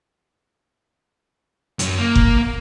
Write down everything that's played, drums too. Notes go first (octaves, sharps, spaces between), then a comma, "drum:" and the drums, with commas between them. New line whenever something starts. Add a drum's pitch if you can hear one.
F#2, drum: hi-hat
A#3
drum: kick F#1